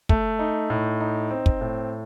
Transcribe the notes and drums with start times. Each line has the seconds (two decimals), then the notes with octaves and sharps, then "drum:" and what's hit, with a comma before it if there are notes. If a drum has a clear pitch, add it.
0.09 A3, drum: kick
0.39 D#4
0.70 A2
1.00 D#4
1.31 C4
1.46 drum: kick
1.61 A2